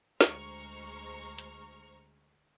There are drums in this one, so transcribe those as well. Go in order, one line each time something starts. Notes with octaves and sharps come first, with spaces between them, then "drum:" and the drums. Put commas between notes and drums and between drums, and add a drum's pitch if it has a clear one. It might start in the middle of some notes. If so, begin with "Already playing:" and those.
D2 G#3 C5 A#5 C#6 F6, drum: snare
drum: hi-hat